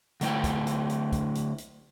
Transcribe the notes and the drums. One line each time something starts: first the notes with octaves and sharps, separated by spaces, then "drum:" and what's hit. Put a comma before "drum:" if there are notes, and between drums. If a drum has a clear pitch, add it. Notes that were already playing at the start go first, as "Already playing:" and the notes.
D3 A3 E4 G5, drum: hi-hat
drum: kick, hi-hat
drum: hi-hat
drum: hi-hat
drum: kick, hi-hat
drum: hi-hat
drum: hi-hat